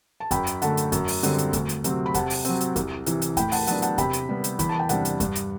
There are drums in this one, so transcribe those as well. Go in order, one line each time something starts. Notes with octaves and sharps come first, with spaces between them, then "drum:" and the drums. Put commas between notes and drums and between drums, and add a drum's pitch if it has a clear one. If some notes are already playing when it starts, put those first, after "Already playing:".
A5
F#2 G5 B5, drum: kick E2, hi-hat
drum: hi-hat
D3 A3 F#5 A5, drum: hi-hat
drum: hi-hat
F#2, drum: kick E2, hi-hat
drum: open hi-hat
D3 G3 C4, drum: hi-hat
drum: hi-hat
D2, drum: kick E2, hi-hat
drum: hi-hat
C3 F#3 C4, drum: hi-hat
B5
C3 F#5 A5, drum: kick E2, hi-hat
drum: open hi-hat
F#3 C4, drum: hi-hat
drum: hi-hat
C2, drum: kick E2, hi-hat
C3 E3, drum: hi-hat
drum: hi-hat
A2 G5 B5, drum: kick E2, hi-hat
F#5 A5, drum: open hi-hat
F#3 B3 D4 F#5 A5, drum: hi-hat
F#5 A5, drum: hi-hat
C3 G5 B5, drum: kick E2, hi-hat
drum: hi-hat
G3 B3
drum: hi-hat
E2 B5, drum: kick E2, hi-hat
A5
G5
C3 G3 D4 F#5 A5, drum: hi-hat
drum: hi-hat
G2, drum: kick E2, hi-hat
drum: hi-hat